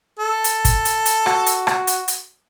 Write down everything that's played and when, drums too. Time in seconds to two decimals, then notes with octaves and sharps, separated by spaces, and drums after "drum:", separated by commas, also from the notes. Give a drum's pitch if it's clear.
0.19 A4
0.44 drum: hi-hat
0.65 drum: kick, hi-hat
0.85 drum: hi-hat
1.06 drum: hi-hat
1.26 F#4, drum: rim click
1.46 drum: hi-hat
1.67 drum: rim click
1.87 drum: hi-hat
2.08 drum: hi-hat